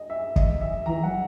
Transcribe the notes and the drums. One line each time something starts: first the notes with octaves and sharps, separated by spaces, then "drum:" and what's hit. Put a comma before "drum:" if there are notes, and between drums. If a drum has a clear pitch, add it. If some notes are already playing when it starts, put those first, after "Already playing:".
Already playing: D#5
E5
D#5, drum: kick
E5
E3 A#5
F#3 F#5